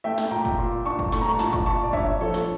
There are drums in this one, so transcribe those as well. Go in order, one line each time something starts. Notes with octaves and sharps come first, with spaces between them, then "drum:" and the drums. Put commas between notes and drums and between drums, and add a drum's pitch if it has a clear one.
A3 E5 G5
drum: snare
A#2 G5 A#5
drum: kick
A#2
D4 A5 C#6
drum: kick
A3 C#6, drum: snare
A#5
A5 C#6
A#2 A5 C#6, drum: snare
drum: kick
A#2 A5 C#6
D5
D4 C#5 E5, drum: kick
F3 A4 C#5
drum: snare